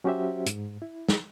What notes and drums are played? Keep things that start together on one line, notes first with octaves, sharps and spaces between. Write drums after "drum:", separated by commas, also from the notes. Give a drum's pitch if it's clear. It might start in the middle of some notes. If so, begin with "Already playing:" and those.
F#3 C#4 F#4 G4 C5 E5
G#2, drum: hi-hat
E4
drum: snare